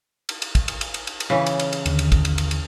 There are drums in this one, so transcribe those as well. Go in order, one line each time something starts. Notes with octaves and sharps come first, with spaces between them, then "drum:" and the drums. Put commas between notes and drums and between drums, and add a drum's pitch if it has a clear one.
drum: cymbal
drum: cymbal
drum: kick, cymbal
drum: cymbal
drum: cymbal
drum: cymbal
drum: cymbal
drum: cymbal
C#3 E3
drum: cymbal
drum: cymbal
drum: cymbal
D#2 D3, drum: cymbal
drum: cymbal
drum: kick, cymbal
drum: cymbal
drum: cymbal
drum: cymbal